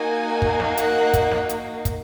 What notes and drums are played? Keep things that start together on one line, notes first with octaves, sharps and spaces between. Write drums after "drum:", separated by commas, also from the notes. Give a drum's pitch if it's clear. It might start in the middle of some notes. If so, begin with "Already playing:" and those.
Already playing: A#3 D#4 F#4 G#5
drum: kick
drum: snare
F#5, drum: hi-hat
drum: kick, hi-hat
drum: snare
drum: hi-hat
drum: kick, hi-hat